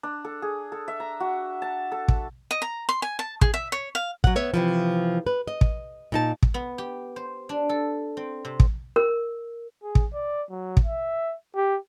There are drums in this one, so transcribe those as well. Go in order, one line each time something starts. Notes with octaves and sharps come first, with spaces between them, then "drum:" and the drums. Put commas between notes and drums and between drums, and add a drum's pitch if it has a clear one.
D4
A4
G#4
A4
E5
A#5
F#4
A5
A4
drum: kick
D#5
A#5
C6
G#5
A5
G#4, drum: kick
E5
C#5
F5
F#3 F#5, drum: kick
B3 C#5 E5
C3 E3 F3
B4
D#5
drum: kick
A#2 D#4 A5
drum: kick
B3
G4
C5
D4
A4
C4
C3
drum: kick
A#4
G#4
drum: kick
D5
F#3
drum: kick
E5
G4